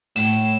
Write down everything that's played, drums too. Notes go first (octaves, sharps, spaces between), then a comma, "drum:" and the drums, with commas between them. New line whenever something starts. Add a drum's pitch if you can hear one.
A2 E7, drum: hi-hat